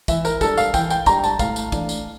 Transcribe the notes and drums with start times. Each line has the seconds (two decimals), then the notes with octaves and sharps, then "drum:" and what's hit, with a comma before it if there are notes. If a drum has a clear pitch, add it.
0.08 E3 E5, drum: kick, tambourine
0.25 A#4, drum: tambourine
0.41 G3 D4 A4, drum: kick, tambourine
0.57 F5, drum: tambourine
0.74 E3 G5, drum: kick, tambourine
0.90 G5, drum: tambourine
1.06 G3 D4 A#5, drum: kick, tambourine
1.24 A5, drum: tambourine
1.39 A2 F5, drum: kick, tambourine
1.56 drum: tambourine
1.72 E3 A3 D4, drum: kick, tambourine
1.89 drum: tambourine